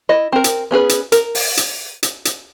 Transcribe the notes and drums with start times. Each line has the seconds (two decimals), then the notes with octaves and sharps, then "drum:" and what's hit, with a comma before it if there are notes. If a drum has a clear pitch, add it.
0.09 E4 D#5
0.32 C4 A#4
0.44 drum: hi-hat
0.71 B3 C#4 G#4 B4
0.89 drum: hi-hat
1.12 A#4, drum: hi-hat
1.35 drum: open hi-hat
1.57 drum: hi-hat
2.03 drum: hi-hat
2.25 drum: hi-hat